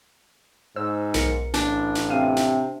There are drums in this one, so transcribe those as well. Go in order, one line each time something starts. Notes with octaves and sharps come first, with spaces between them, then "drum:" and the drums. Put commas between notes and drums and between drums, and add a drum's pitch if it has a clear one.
G#2 C5 E6
B1 A#4 C#7, drum: snare
A1 D4, drum: snare
drum: snare
C3 F5 D#7
drum: snare